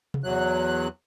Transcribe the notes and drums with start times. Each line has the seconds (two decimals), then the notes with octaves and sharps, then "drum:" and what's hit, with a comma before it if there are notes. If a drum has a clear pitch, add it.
0.14 drum: tom C3
0.24 E2 F#3 F#6